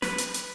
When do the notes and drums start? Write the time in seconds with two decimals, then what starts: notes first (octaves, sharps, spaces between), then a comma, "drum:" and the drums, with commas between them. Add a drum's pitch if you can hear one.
0.02 B4, drum: snare
0.18 drum: hi-hat
0.34 drum: hi-hat